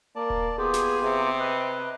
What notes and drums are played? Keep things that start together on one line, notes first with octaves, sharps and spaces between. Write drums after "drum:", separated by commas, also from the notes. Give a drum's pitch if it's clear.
A#3 D5 A5
drum: kick D#1
B3 F4 G4 G#4
drum: snare
C3
B4 D#5